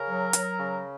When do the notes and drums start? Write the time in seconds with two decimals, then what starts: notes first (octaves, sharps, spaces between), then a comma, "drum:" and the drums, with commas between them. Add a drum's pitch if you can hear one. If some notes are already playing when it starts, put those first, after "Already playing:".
Already playing: C#3 A#4
0.08 F#3
0.33 F#3, drum: hi-hat
0.59 C#3